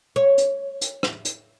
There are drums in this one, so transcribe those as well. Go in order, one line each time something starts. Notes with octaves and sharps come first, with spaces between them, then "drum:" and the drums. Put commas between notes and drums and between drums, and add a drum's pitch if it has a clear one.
C#5
drum: hi-hat
drum: hi-hat
drum: rim click
drum: hi-hat